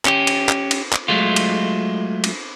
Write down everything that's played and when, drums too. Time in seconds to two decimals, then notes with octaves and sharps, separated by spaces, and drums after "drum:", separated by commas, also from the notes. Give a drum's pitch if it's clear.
0.05 C#4 G4, drum: clap
0.27 drum: cymbal
0.49 drum: clap
0.71 drum: cymbal
0.93 drum: clap
1.08 F#3 G#3 A3 F4
1.36 drum: cymbal
2.24 drum: cymbal